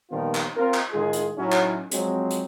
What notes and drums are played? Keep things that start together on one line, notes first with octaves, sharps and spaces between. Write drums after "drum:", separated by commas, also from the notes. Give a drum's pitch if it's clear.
A#2 D#3 F3 G3 B3 F4
drum: clap
C4 F4 A#4
drum: clap
A2 D#3 G#3 F4 G#4
drum: hi-hat
A2 F#3 C#4 D#4 E4
drum: clap
F3 F#3 G#3 C4, drum: hi-hat
drum: hi-hat